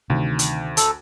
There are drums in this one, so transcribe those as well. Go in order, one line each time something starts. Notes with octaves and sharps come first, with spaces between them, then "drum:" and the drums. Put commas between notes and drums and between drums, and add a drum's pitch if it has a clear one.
D2 C3 D#3
drum: hi-hat
A4, drum: hi-hat